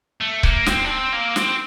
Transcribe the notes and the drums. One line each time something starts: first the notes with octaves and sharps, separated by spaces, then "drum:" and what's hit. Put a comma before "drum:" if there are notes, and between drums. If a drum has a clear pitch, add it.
A3
A#3, drum: kick C#1
C4, drum: snare
D4
C4
A#3
C4, drum: snare